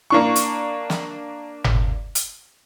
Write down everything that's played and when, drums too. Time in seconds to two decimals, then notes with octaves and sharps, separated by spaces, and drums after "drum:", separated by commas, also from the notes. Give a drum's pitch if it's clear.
0.10 A#3 D4 C#6
0.36 drum: hi-hat
0.90 drum: snare
1.64 drum: tom G1
2.15 drum: hi-hat